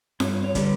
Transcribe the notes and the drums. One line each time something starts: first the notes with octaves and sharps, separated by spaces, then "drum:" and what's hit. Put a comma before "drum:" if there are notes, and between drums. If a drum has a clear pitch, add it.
G2 C#5, drum: snare F4
C#5
D3 G3 B3 D4, drum: kick, hi-hat